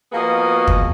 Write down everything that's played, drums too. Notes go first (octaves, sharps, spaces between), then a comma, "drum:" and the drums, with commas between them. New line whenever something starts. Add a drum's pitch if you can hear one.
F3 A#3 B3 F#4 G#4 D#5
drum: kick